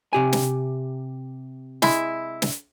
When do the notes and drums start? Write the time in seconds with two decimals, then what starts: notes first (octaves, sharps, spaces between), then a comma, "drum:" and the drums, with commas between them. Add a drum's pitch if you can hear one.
0.13 C3 G4 G#5
0.33 drum: snare
1.82 G#3 E4, drum: snare
2.42 drum: snare